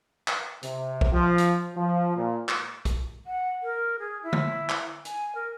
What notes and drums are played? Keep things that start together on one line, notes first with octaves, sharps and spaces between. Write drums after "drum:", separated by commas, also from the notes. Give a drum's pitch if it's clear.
drum: clap
C3, drum: hi-hat
drum: kick
F3
drum: hi-hat
F3
A#2
drum: clap
drum: kick, hi-hat
F#5
A#4
G#4
E4
drum: tom D3
drum: clap
G#5, drum: hi-hat
A#4